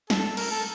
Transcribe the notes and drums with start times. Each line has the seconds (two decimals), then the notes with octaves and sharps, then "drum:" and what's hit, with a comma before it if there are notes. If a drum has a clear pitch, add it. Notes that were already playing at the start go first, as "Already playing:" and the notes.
0.10 A4, drum: snare
0.37 A#4, drum: cymbal
0.51 A4